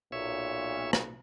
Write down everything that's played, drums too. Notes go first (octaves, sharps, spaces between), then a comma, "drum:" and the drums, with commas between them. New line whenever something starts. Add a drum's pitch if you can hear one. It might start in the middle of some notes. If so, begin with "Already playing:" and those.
B1 A#2 C#5 E5
drum: rim click